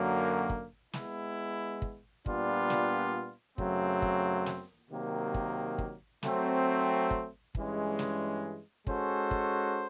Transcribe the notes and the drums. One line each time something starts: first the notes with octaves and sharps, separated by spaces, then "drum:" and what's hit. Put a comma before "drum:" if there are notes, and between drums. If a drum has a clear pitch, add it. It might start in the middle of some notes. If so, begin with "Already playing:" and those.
Already playing: F#2 D3 F#3 A#3
drum: kick
G#3 B3 E4, drum: snare
drum: kick
A#2 G3 B3 D4 F4, drum: kick
drum: snare
F#2 C#3 F#3 A3 C4, drum: kick
drum: kick
drum: snare
C3 D#3 F#3 A#3
drum: kick
drum: kick
F#3 A3 C4, drum: snare
drum: kick
G2 E3 G#3 C#4, drum: kick
drum: snare
G#3 C#4 F#4 A4 C5, drum: kick
drum: kick